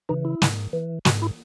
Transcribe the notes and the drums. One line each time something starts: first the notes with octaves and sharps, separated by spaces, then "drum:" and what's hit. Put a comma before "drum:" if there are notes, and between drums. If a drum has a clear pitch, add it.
C#3 E3 D#4
E4
G#2, drum: snare
E3
G#2 F#4, drum: snare
E4